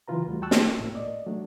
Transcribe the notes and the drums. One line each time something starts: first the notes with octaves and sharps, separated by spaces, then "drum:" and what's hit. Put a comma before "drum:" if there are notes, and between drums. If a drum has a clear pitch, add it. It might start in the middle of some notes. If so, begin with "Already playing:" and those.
C#3 E3 F#3 F4 B4 A#5
D#2 G3 A3 F#4
G5 A5 C#6 E6 F#6
drum: snare
A2 A#3
D5 D#5
F#3 A3 D4